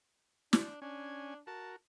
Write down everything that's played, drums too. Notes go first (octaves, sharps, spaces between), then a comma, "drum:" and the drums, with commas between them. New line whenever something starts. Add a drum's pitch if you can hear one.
D4, drum: snare
C#4 D4 G#5
F#4 A#4 A5